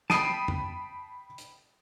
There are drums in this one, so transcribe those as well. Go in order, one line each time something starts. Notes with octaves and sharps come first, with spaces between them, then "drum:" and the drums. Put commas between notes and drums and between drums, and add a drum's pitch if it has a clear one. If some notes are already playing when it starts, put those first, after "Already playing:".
G5 A5 B5 D#6 C7 D7 D#7, drum: snare
drum: tom F2
drum: hi-hat